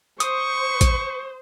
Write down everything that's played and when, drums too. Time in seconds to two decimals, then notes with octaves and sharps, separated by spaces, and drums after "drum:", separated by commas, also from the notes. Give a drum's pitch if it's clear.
0.20 C5 C#6 D#6, drum: hi-hat
0.81 drum: kick, hi-hat